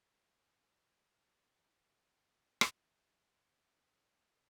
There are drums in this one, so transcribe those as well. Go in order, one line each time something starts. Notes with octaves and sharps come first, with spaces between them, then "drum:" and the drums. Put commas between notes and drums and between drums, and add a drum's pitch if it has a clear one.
A3 D#4 E4
F4 F#5
D#5 A#6
drum: rim click
A#5 B5 F#6
G3 D4 F4
A3 C#4 A#4
E2 G6 B6
E4
A#3 E5 G5 A#5